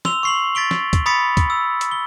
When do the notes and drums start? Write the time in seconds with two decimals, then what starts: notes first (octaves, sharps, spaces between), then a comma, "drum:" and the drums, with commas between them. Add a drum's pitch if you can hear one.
0.05 C6 E6 F7 G7, drum: snare
0.23 C#6 C7 F#7
0.55 A6 B6 D7 G7
0.71 drum: snare
0.93 drum: kick, hi-hat
1.06 B5 D#6 A6 B6 C#7
1.37 drum: kick, hi-hat
1.50 E6
1.81 drum: hi-hat
1.91 G7